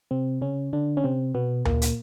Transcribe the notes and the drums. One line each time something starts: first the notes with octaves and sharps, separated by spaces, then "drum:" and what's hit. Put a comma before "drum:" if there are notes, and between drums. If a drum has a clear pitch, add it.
C3 C4
C#3 C#4
D3 D4
C#4
C3 C4
B2 B3
A#2 A#3, drum: tom D2
drum: hi-hat